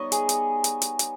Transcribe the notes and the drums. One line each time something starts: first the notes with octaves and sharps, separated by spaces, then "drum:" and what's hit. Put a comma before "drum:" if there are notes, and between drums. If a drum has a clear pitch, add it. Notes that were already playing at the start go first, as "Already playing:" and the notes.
Already playing: G3 B3 D#4 C#5 D#5
G#4, drum: hi-hat
drum: hi-hat
drum: hi-hat
drum: hi-hat
drum: hi-hat